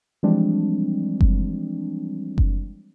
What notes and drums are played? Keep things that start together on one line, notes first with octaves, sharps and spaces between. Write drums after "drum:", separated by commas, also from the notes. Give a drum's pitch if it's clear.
E3 F3 G3 G#3 C4 D4
drum: kick F#1
drum: kick F#1